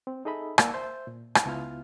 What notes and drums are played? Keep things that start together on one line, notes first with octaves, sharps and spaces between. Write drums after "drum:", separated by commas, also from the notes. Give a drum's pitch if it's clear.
C4
D#4 G#4 A4 D#5 E5 B5
A#3 D5 F#5 E6, drum: rim click
C5 E5 G6
A#2
drum: rim click
C#2 B3 E4 F4 F6